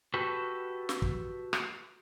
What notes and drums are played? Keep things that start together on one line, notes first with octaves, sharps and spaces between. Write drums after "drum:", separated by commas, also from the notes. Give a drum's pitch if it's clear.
F#4 G4 A4 B4
drum: snare
drum: kick
drum: rim click